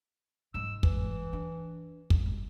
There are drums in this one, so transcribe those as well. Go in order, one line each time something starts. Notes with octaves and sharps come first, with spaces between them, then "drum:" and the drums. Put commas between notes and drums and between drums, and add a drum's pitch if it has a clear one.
G#2 G#3 E6
E3, drum: kick
D4
drum: kick
G#3